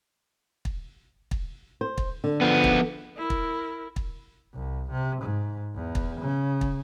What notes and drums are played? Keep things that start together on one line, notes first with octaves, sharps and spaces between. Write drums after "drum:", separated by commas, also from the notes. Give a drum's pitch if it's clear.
drum: kick
drum: kick
C5
drum: kick
D3
F3 B3
drum: kick
E4 A#4
drum: kick
drum: kick
C2
C3
G#2
E2
drum: kick
C#3
drum: kick